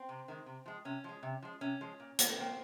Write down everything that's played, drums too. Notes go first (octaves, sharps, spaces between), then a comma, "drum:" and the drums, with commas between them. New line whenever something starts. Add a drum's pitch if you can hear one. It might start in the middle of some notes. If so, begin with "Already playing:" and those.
Already playing: C4
C3
D#3 G#3
C3
F3 G#3
C3 C#4
F3 G#3
C3
F3 G#3
C3 C#4
F3 G#3
A#2
G3, drum: hi-hat
A#2 C4